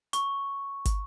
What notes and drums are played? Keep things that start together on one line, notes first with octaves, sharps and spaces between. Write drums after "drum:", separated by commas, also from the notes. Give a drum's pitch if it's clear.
C#6, drum: hi-hat
drum: kick, hi-hat